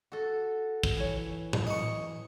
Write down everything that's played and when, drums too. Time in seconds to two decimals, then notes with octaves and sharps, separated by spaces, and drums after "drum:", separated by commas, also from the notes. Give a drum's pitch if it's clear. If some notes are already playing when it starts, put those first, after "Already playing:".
0.12 F#4 A4
0.83 drum: kick
0.97 E3 C#5 G#5
1.53 drum: tom A2
1.67 D#5 C#6